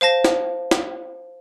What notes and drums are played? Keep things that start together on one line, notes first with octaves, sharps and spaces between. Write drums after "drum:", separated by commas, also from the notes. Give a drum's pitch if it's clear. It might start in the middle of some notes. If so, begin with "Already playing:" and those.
C5 F5 A5 A#6
drum: snare
drum: snare